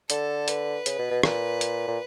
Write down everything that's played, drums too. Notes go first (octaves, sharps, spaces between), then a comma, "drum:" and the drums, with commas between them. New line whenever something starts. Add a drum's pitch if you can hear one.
D3 A4, drum: hi-hat
B4, drum: hi-hat
C#3, drum: hi-hat
B2
B2
A#2 B4, drum: rim click
drum: hi-hat
A#2